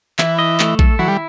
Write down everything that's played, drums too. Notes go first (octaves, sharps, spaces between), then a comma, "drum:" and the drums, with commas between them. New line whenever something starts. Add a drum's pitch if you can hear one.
E3 E4, drum: clap
D#5
A3, drum: clap
A4, drum: kick A#1
F#3 E4, drum: tom D#3
G3